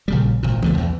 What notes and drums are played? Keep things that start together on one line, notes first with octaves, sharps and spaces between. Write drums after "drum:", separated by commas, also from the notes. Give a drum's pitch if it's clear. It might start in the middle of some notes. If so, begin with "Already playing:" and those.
A#1 C#3 G3
G#1 A#2
C#2 C3 A3, drum: tom
E2 E3